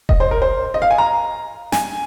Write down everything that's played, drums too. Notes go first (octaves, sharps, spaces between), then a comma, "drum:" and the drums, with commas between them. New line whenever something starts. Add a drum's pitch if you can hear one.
D#5, drum: kick E1
C5
A#4
C5
D#5
F5
G#5
A#5
G#5, drum: snare